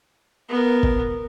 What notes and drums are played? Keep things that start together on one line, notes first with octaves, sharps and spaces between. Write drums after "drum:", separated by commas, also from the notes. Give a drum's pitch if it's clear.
B3 A#4
drum: kick